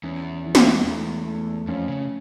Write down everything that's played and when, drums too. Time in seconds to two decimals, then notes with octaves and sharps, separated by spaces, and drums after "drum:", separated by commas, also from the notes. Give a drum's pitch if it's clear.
0.03 E2 C#4
0.45 E3
0.55 drum: snare
0.85 E2 A3
1.27 A3
1.67 F2 C#4
1.88 C#3